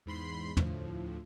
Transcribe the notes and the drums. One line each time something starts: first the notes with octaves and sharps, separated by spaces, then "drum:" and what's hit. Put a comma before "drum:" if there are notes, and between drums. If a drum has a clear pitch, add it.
E2 G#2 B5 C6 C7
D2 A2 F3, drum: tom